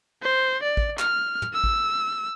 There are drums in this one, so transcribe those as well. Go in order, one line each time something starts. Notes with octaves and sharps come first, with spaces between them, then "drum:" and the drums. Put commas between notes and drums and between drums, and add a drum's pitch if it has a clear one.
C5
D5
drum: kick A1
F6, drum: clap
drum: tom
E6
drum: kick A1